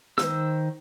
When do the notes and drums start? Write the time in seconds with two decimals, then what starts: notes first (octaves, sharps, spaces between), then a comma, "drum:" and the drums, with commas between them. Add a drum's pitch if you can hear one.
0.18 D#3 C5 E6, drum: snare